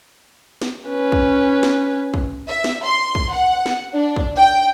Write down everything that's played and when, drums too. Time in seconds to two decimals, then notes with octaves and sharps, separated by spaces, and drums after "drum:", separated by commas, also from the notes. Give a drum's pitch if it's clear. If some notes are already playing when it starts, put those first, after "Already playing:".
0.62 drum: snare
0.90 C#4 B4
1.12 drum: kick
1.63 drum: snare
2.14 drum: kick
2.47 E5
2.64 drum: snare
2.84 C6
3.15 drum: kick
3.32 F#5
3.66 drum: snare
3.94 D4
4.16 drum: kick
4.36 G5